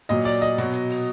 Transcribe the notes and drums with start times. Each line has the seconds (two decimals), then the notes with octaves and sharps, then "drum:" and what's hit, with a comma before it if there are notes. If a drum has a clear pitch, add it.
0.09 A#2 F#3 D#5, drum: hi-hat
0.25 D5, drum: open hi-hat
0.42 D#5, drum: hi-hat
0.58 B2 F#3, drum: hi-hat
0.74 drum: hi-hat
0.90 drum: open hi-hat